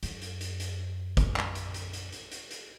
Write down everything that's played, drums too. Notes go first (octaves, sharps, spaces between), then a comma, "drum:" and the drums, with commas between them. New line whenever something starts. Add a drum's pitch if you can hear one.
F#2, drum: hi-hat
drum: hi-hat
drum: hi-hat
drum: hi-hat
drum: kick, hi-hat
drum: clap
drum: hi-hat
drum: hi-hat
drum: hi-hat
drum: hi-hat
drum: hi-hat
drum: hi-hat